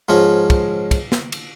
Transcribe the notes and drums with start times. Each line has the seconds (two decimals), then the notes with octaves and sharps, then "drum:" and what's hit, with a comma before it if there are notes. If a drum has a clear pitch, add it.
0.09 G#2 F3 C#4 F4
0.50 drum: kick, cymbal
0.91 drum: kick, cymbal
1.12 drum: snare
1.32 drum: cymbal